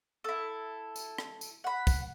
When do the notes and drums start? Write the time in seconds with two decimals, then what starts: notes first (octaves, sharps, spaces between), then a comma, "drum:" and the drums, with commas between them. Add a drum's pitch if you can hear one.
0.24 E4 A4
0.96 drum: tambourine
1.18 drum: rim click
1.41 drum: tambourine
1.64 F#5 B5
1.87 drum: kick, tambourine